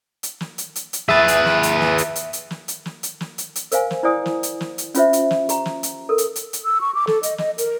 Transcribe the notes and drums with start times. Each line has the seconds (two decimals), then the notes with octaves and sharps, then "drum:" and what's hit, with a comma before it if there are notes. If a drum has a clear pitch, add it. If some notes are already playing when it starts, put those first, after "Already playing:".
0.23 drum: hi-hat
0.41 drum: snare
0.58 drum: hi-hat
0.76 drum: hi-hat
0.93 drum: hi-hat
1.09 G#4 B4 E5 D#6 A6, drum: snare
1.28 drum: hi-hat
1.46 drum: snare
1.63 drum: hi-hat
1.81 drum: snare
1.98 drum: hi-hat
2.16 drum: hi-hat
2.33 drum: hi-hat
2.51 drum: snare
2.68 drum: hi-hat
2.86 drum: snare
3.03 drum: hi-hat
3.21 drum: snare
3.38 drum: hi-hat
3.56 drum: hi-hat
3.72 A#4 C5 F5 G#5, drum: hi-hat
3.91 drum: snare
4.03 E4 C5 D5 G5 G#5 D#6
4.26 drum: snare
4.43 drum: hi-hat
4.61 drum: snare
4.78 drum: hi-hat
4.95 C#4 F4 C5 E5, drum: hi-hat
5.13 drum: hi-hat
5.31 drum: snare
5.49 G4 A#5, drum: hi-hat
5.66 drum: snare
5.83 drum: hi-hat
6.09 A4 A#4
6.18 drum: hi-hat
6.36 drum: hi-hat
6.53 drum: hi-hat
6.65 E6
6.81 C#6
6.95 D6
7.07 A4, drum: snare
7.23 D#5, drum: hi-hat
7.38 D#5, drum: snare
7.58 A#4, drum: hi-hat